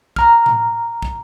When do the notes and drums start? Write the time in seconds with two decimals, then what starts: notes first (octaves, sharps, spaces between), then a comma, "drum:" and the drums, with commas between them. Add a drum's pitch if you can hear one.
0.16 A#5 F6, drum: kick
0.46 drum: tom A2
1.02 drum: kick